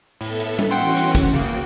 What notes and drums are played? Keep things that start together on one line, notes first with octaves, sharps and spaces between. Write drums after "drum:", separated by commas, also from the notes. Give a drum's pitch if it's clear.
A2 B3 A4 E5, drum: open hi-hat
drum: hi-hat
drum: tom G3
E3 C#4 F#4 F#5 G5 C6
drum: hi-hat
drum: kick, hi-hat
C#3 A#3 F#4 G5